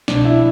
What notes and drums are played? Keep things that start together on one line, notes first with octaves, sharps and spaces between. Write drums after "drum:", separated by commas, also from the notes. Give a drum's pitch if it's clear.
C2 B2 D4 D5, drum: snare
E4 E5